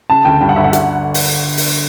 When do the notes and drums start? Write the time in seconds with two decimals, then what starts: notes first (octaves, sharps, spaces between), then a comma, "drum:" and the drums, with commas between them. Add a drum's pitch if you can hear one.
0.10 C#3 A5
0.25 D2 G5
0.41 G2 G5
0.49 F#5
0.56 G1 E5
0.64 F#5
0.73 D3, drum: hi-hat
1.14 drum: open hi-hat
1.57 drum: open hi-hat